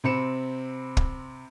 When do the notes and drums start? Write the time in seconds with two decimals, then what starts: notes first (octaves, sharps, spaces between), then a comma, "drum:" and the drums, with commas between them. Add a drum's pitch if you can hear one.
0.04 C3 C4 B5 C#7 E7
0.97 drum: kick